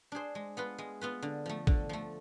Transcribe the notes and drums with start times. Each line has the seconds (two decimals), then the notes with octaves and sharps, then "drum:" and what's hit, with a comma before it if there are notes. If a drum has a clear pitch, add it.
0.12 D4 G#4 C5
0.35 G#3
0.57 B3 F4 B4
0.78 G#3
1.01 B3 F4 B4
1.22 D3
1.46 F3 A3
1.67 D3, drum: kick A1
1.89 F3 A3